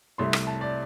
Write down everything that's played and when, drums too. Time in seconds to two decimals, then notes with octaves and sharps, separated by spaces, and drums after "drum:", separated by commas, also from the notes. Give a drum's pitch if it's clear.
0.18 C2 C3 A3 C6
0.33 drum: rim click
0.47 A5
0.61 D5